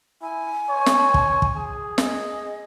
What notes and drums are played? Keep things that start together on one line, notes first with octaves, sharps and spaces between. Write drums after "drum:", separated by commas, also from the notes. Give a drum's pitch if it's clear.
E4 G#5
C#5
drum: snare
drum: kick
drum: kick
G#4
D#5, drum: snare